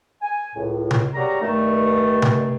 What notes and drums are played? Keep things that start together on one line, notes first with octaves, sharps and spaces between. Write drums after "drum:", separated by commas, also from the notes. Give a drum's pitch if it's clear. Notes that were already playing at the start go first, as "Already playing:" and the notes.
G#5
C#2 A2
drum: tom C3
F#2 C#3 F#3 G3 F#4 A#5
G2 D#3 A3
drum: tom C3